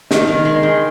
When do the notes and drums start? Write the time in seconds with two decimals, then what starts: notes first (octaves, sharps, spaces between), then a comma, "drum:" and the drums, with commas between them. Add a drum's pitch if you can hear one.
0.11 D#3, drum: snare
0.27 D#3
0.45 G#3
0.63 D#3